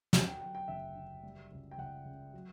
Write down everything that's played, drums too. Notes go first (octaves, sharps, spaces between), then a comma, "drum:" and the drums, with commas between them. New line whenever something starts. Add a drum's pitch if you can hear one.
D3 F#5, drum: snare
G5
F#3 G5
G5
F#1 E5
D3
G3
C#2
G5
C#2 F#5
C#3
F#3